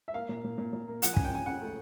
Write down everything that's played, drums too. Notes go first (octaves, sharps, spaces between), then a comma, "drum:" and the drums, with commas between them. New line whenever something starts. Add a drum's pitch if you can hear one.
E5
A#3 F5
A#2
A#2
A#2
A#2
A#3
F3 F#5, drum: hi-hat
G#5
C#3, drum: kick
G5
C#3 G#5
C#3 F#5
A3